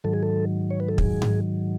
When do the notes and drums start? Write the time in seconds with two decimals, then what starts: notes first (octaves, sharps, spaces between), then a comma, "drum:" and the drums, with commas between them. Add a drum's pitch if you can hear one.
0.04 G#2 D#3 F#3 A4
0.13 G#4
0.23 A4
0.70 C#5
0.80 B4
0.89 A4
0.98 G#4, drum: kick
1.22 drum: tom G#2